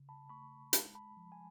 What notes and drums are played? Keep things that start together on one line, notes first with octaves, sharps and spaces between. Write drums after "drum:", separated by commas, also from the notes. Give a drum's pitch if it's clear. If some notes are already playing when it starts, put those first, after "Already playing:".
Already playing: C#3
A5 B5
A3 B5 C#6
G#3 A5 B5, drum: hi-hat
A5 B5
F3
G#5